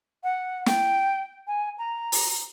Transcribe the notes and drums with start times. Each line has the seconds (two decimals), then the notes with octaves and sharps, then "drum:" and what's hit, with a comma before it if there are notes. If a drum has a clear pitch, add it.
0.23 F#5
0.66 G5, drum: snare
1.47 G#5
1.78 A#5
2.12 drum: open hi-hat